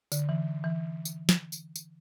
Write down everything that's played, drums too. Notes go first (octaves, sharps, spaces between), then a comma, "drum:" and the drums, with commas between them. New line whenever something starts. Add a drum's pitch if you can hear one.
D3, drum: tambourine
E3
E3
drum: tambourine
drum: snare
drum: tambourine
drum: tambourine